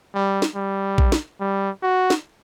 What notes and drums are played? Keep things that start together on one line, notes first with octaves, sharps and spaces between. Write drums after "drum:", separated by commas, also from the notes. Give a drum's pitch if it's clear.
G3
drum: snare
G3
drum: kick A#1
drum: snare
G3
F#4
drum: snare